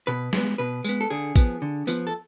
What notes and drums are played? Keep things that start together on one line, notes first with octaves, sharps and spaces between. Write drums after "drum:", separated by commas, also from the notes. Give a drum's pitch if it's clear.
B2 B4
G#3 B3, drum: snare
B2 B4
G#3 B3, drum: tambourine
A4
D3 G#4
F3 B3, drum: kick A1, tambourine
D3
F3 B3, drum: tambourine
A4